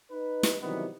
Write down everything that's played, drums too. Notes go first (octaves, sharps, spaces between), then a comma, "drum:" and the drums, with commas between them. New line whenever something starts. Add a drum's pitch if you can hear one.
D#4 B4
drum: snare
C3 D#3 E3 F#3 G3 B3